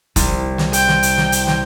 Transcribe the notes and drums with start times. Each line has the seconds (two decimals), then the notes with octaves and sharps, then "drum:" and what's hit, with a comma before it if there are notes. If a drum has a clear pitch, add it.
0.16 C2, drum: kick F1, hi-hat
0.58 drum: snare
0.73 G5, drum: hi-hat
0.88 drum: snare
1.03 drum: hi-hat
1.17 drum: snare
1.32 drum: hi-hat
1.47 drum: snare